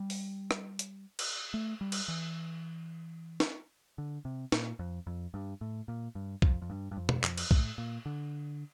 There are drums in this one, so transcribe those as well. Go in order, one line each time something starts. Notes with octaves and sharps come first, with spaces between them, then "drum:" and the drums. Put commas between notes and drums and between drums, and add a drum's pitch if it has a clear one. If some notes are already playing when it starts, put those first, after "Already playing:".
Already playing: G3
drum: open hi-hat
drum: rim click
drum: hi-hat
drum: cymbal
A3
G3
drum: cymbal
E3
drum: snare
D3
C3
A#2, drum: snare
F2
F2
G2
A2
A#2
G2
F2, drum: kick B1
F2
G2
G2
F2
drum: tom B2
F2, drum: clap
drum: cymbal
A2, drum: kick B1
A#2
D3